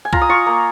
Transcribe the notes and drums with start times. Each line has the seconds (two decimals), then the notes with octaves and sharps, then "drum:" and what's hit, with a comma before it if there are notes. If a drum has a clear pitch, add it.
0.05 G#5
0.13 F4 A#5, drum: kick C2
0.21 D#6
0.30 F4 C#6
0.46 A#3